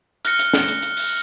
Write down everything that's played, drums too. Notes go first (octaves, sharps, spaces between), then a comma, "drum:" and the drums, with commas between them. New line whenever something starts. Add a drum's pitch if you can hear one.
F6 F#6 A#6 C#7, drum: hi-hat
drum: hi-hat
drum: snare
drum: hi-hat
drum: hi-hat
drum: open hi-hat